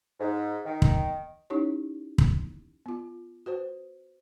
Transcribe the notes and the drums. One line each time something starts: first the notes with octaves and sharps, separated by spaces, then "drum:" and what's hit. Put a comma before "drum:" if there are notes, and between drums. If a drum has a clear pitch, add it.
G#2
D#3
drum: kick
C#4 D#4 E4 G4 C#5
drum: kick
B3 F4
F#4 B4 C5